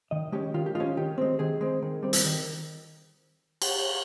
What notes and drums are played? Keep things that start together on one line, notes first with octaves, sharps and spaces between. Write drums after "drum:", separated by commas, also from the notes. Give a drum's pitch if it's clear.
D#3 D#5
G#3 C#4 G4
D#3 F4
G4
G#3 C#4 F4
D#3 G4
G#3 C4
D#3 G#4
G#3 C4
D#3
G3 C4
drum: hi-hat
D#3 A#4
drum: cymbal